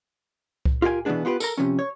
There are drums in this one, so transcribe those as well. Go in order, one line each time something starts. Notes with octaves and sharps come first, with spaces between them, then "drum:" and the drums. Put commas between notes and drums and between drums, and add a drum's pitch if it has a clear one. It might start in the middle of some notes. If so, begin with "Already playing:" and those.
drum: kick C2
F4 G4 A#4 F5 G#5
B2 E3 G3 B3 D4 G#4
B3 F4 G4 B4
A4 A#4 A#5, drum: tambourine
C3 F3 C#4
C#5